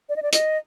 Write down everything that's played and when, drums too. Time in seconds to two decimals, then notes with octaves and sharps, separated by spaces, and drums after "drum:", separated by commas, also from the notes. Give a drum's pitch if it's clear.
0.09 D5
0.16 D#5
0.22 D5
0.33 D#5, drum: hi-hat